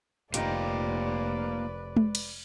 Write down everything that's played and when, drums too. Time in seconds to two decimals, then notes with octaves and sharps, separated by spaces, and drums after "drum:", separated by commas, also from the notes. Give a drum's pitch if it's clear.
0.34 F1 A#3 D#4 F4 G4 B4 D5 D#5, drum: hi-hat
1.96 drum: tom G#3
2.15 drum: cymbal